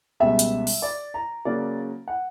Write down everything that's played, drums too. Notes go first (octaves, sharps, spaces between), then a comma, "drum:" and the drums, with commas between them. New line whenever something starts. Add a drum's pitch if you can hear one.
C#2 B2 G3 E5
drum: hi-hat
drum: open hi-hat
D5
A#5
C#3 F#3 A#3 C#4 D5
F#5